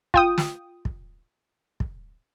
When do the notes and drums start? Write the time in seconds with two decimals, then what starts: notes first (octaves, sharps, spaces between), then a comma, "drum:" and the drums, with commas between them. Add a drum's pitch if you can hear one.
0.14 F4 G5 D#6, drum: kick
0.38 drum: snare
0.85 drum: kick
1.80 drum: kick